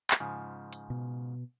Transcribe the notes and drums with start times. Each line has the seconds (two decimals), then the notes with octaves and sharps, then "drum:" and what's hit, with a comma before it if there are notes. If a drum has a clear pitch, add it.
0.11 drum: clap
0.20 G#2 C#3 F3
0.73 drum: hi-hat
0.90 B2